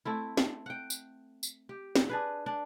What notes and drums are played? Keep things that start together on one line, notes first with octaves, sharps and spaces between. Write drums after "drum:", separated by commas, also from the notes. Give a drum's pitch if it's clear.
A3 C4 E4
drum: snare
F#5 G5
drum: tambourine
drum: tambourine
G4
drum: snare
D4 G#4 B4
D4